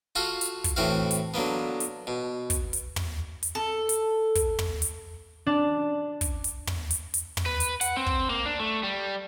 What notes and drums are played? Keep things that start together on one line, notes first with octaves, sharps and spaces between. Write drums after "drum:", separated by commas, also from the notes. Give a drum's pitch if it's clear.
F4 F#4 A4 F5
drum: hi-hat
drum: kick, hi-hat
A2 E3 C4 F#4 F5
drum: hi-hat
D3 F#3 A#3 B3
drum: hi-hat
B2
drum: kick, hi-hat
drum: hi-hat
drum: tom
drum: hi-hat
A4
drum: hi-hat
drum: kick, hi-hat
drum: tom
drum: hi-hat
D4
drum: kick, hi-hat
drum: hi-hat
drum: tom
drum: hi-hat
drum: hi-hat
drum: tom
B4
drum: hi-hat
F#5, drum: hi-hat
C4
drum: kick
A#3
D4
A3
G3